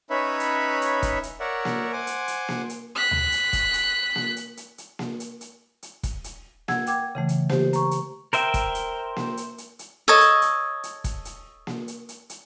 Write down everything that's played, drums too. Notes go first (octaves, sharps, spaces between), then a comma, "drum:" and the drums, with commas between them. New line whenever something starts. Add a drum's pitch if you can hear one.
C#4 D#4 B4 C#5 E5 B5
drum: hi-hat
drum: hi-hat
drum: kick F1, hi-hat
drum: hi-hat
A#4 C#5 D5 E5 F#5
drum: snare A#3
C5 F#5 G#5 D6
drum: hi-hat
drum: hi-hat
drum: snare A#3
drum: hi-hat
F#6 B6
drum: tom D2
drum: hi-hat
drum: kick F1, hi-hat
drum: hi-hat
drum: snare A#3
drum: hi-hat
drum: hi-hat
drum: hi-hat
drum: snare A#3
drum: hi-hat
drum: hi-hat
drum: hi-hat
drum: kick F1, hi-hat
drum: hi-hat
F#5 E6 G#6, drum: snare A#3
G5 D6 G#6, drum: hi-hat
C#3 E3 A3
drum: hi-hat
G4 C5, drum: snare A#3
A#5 C#6, drum: hi-hat
drum: hi-hat
A#4 C5 E5 G5, drum: hi-hat
drum: kick F1, hi-hat
drum: hi-hat
drum: snare A#3
drum: hi-hat
drum: hi-hat
drum: hi-hat
A4 C#5 D#5
drum: hi-hat
drum: hi-hat
drum: hi-hat
drum: kick F1, hi-hat
drum: hi-hat
drum: snare A#3
drum: hi-hat
drum: hi-hat
drum: hi-hat